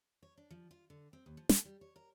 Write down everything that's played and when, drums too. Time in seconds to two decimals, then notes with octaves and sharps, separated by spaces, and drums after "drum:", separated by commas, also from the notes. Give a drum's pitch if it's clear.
0.23 C#5
0.38 D4
0.51 F3
0.71 F4
0.90 D3
1.13 C4
1.26 D#2
1.37 F3
1.49 A4, drum: snare
1.65 G3
1.81 C#5
1.96 A#4